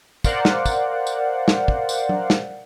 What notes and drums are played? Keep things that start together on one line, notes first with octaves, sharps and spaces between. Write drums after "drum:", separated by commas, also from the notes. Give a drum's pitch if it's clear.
A#4 C5 D5 F5 F#5, drum: kick, tambourine
drum: snare
drum: kick, tambourine
drum: tambourine
drum: snare
drum: kick
drum: tambourine
drum: tom F#3
drum: snare